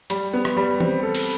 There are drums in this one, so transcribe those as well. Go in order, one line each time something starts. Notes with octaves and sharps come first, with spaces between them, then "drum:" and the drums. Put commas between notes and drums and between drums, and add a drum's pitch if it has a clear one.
G3, drum: hi-hat
B3
drum: rim click
G3
C4, drum: tom
A4
drum: open hi-hat